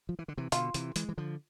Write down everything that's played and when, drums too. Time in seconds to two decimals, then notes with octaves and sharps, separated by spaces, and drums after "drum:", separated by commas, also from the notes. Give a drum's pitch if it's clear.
0.09 F3
0.19 E3
0.28 D3
0.38 C3 E3
0.52 B2 D3 F4, drum: hi-hat
0.74 C3 E3, drum: hi-hat
0.96 E3 G#3, drum: hi-hat
1.09 E3
1.18 D3 F3